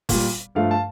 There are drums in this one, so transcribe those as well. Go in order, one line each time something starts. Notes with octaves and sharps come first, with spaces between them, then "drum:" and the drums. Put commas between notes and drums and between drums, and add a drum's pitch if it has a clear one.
A#2 G3, drum: kick F#1, open hi-hat
G2 F3 A3 F5
A5